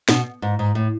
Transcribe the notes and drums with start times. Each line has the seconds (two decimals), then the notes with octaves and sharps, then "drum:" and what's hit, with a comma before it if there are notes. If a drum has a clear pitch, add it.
0.08 B2, drum: snare
0.42 G#2
0.59 G#2
0.75 A2